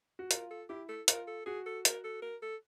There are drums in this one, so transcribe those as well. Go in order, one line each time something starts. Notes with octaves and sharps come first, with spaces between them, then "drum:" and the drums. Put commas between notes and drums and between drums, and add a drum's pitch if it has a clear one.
F#4
F4 A#4, drum: hi-hat
A4
E4 G4
A4
F4 A#4, drum: hi-hat
A4
F#4 G#4
A4
A#4, drum: hi-hat
A4
A#4
A4